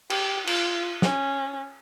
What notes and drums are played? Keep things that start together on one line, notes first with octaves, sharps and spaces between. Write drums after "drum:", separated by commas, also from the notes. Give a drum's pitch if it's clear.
G4, drum: cymbal
F4, drum: cymbal
C#4, drum: snare